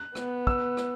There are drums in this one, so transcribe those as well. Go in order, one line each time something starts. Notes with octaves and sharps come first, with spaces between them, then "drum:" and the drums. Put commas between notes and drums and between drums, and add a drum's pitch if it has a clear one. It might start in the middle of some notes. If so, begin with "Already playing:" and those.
Already playing: F#6
B3, drum: rim click
E6, drum: kick
drum: rim click